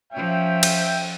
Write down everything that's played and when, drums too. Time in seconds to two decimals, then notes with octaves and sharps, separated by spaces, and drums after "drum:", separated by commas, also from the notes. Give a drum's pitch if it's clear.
0.13 F3 C#4 E5 G5
0.63 drum: cymbal